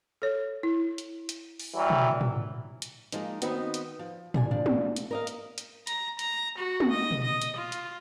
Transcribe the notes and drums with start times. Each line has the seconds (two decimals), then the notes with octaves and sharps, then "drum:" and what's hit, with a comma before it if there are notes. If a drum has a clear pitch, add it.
0.22 A4 C#5
0.63 E4
0.98 drum: hi-hat
1.29 drum: hi-hat
1.60 drum: open hi-hat
1.76 E3 F#3 G3
1.90 drum: tom
2.21 drum: tom
2.82 drum: hi-hat
3.12 F3 G#3 A#3 D#4, drum: hi-hat
3.42 D#3 B3 C4 D#4 F#4, drum: hi-hat
3.74 drum: hi-hat
3.99 F3
4.34 D#2 D4 G#5, drum: tom
4.51 F3 D4
4.66 drum: tom
4.96 drum: hi-hat
5.11 A#4 D#5 F5
5.27 drum: hi-hat
5.58 drum: hi-hat
5.87 A#5, drum: hi-hat
6.19 A#5, drum: hi-hat
6.58 F#4
6.80 drum: tom
6.91 D#5
7.11 drum: tom
7.23 D#5
7.42 drum: hi-hat
7.56 F4
7.72 drum: hi-hat